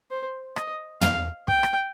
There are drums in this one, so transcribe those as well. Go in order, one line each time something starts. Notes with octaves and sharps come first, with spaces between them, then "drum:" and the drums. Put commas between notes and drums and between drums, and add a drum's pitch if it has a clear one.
C5
D#5, drum: rim click
F5, drum: tom
G5, drum: kick
drum: rim click